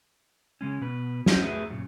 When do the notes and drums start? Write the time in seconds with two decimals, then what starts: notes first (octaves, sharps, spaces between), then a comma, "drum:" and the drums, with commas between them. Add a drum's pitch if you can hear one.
0.61 C#3 G#3 C#4
0.81 B2 B4
1.26 G#3 C#4 F4 A#4 C5 D#5, drum: snare
1.42 A3 G#4 A#4 B4 E5
1.70 F#2 A#2 C#3